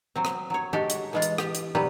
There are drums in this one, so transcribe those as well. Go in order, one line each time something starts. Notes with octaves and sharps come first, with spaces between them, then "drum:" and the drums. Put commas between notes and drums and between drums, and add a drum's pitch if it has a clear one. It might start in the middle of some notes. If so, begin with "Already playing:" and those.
F#3 C4
drum: rim click
F#3 C#5
G#3 F#4 G4 A4
drum: hi-hat
E3 G#3 F4
drum: hi-hat
G4, drum: rim click
drum: hi-hat
C3 F#3 G3 G4 B4